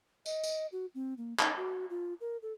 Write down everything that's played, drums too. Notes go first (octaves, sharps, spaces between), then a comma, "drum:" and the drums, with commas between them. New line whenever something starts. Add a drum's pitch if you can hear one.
D#5, drum: tambourine
drum: tambourine
F#4
C4
A#3
D#4, drum: clap
F#4
F4
A#4
A4